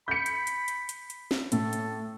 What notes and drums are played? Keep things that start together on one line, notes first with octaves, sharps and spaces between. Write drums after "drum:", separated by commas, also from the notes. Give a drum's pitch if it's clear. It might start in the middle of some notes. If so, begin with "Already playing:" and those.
B5 G6 C#7
drum: hi-hat
drum: hi-hat
drum: hi-hat
drum: hi-hat
drum: hi-hat
drum: snare
A2 A4, drum: hi-hat
drum: hi-hat